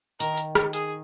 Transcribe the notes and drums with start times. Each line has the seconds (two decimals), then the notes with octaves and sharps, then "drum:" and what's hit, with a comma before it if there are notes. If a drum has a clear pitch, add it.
0.20 D#3 D#4 A#4, drum: hi-hat
0.37 drum: hi-hat
0.55 drum: rim click
0.73 G#4, drum: hi-hat